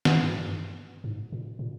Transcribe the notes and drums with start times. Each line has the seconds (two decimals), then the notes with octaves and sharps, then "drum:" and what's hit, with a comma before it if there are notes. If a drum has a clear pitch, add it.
0.05 drum: snare
0.21 G2
1.04 G#2
1.32 A#2
1.59 A#2